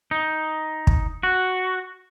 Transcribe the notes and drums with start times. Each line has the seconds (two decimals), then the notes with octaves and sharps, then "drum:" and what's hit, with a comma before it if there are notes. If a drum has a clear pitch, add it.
0.11 D#4
0.87 drum: kick
1.23 F#4